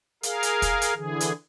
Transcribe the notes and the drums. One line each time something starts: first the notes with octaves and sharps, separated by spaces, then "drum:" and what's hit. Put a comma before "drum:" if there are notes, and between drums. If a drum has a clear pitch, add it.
G#4 A#4 F5, drum: hi-hat
drum: hi-hat
drum: kick, hi-hat
drum: hi-hat
D3 E3 G#4
drum: hi-hat